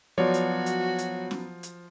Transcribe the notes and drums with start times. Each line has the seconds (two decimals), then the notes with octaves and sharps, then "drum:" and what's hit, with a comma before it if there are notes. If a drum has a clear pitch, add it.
0.18 F3 F#3 B3 F#4 C#5 D5
0.34 drum: hi-hat
0.66 drum: hi-hat
0.98 drum: hi-hat
1.31 drum: snare C#4
1.63 drum: hi-hat